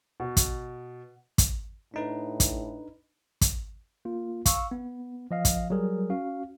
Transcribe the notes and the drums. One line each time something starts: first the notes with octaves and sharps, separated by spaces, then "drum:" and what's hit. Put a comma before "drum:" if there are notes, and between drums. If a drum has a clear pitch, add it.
B2
drum: kick, hi-hat
drum: kick, hi-hat
A2 D4 D#4 B4
drum: kick, hi-hat
drum: kick, hi-hat
A#3 F4
F5 C#6 E6, drum: kick, hi-hat
B3
F3 D#5 F5
drum: kick, hi-hat
F#3 G3 G#4 A#4
C#4 F#4 F5